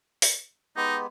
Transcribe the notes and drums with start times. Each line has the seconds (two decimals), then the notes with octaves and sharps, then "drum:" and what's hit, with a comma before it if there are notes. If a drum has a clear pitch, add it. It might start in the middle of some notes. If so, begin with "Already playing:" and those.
0.22 drum: open hi-hat
0.76 G#3 B3 D#4 G4